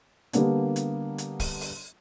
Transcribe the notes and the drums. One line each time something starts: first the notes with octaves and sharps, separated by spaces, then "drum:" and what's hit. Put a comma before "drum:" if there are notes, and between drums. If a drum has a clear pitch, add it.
D3 G3 A#3 B3 D4, drum: hi-hat
drum: hi-hat
drum: hi-hat
drum: kick, open hi-hat
drum: open hi-hat